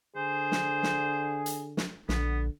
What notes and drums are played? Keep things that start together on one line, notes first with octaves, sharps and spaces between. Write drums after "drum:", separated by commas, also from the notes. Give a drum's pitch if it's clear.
D3 G#4 C5
drum: snare
drum: snare
drum: hi-hat
drum: snare
A#1 D3 B3, drum: snare